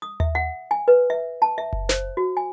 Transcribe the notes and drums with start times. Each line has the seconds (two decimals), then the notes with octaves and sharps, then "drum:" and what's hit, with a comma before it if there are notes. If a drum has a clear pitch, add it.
0.02 D#6
0.20 E5, drum: tom D#2
0.35 F#5
0.71 G#5
0.88 B4
1.10 E5
1.42 A5
1.58 E5
1.73 drum: kick F#1
1.89 C5, drum: snare
2.17 F#4
2.37 G#5